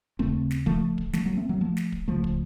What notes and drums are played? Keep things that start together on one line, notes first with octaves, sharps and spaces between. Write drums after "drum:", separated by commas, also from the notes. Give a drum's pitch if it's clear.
D#2 C#3 A3 C4, drum: kick
drum: snare
F3 A3, drum: kick
drum: kick
F3 A3, drum: snare
F#3 A#3
A3 C4
F#3 A#3
F3 A3
drum: snare
drum: kick
C#2 C#3 F3 A3
drum: kick